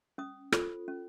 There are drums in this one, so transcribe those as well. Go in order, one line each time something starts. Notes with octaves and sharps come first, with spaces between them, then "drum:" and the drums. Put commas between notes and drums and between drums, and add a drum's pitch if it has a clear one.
C#4 D#6
F4 A4 C5, drum: rim click
C#4